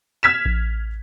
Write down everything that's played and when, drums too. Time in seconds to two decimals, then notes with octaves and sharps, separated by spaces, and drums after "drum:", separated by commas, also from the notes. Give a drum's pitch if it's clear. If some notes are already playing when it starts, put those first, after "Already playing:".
0.23 F6 G#6 B6 E7
0.45 drum: kick A1